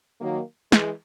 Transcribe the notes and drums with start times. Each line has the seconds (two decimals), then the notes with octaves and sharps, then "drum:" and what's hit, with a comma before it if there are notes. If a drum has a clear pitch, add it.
0.21 D#3 F#3 A#3
0.72 E3 G#3, drum: snare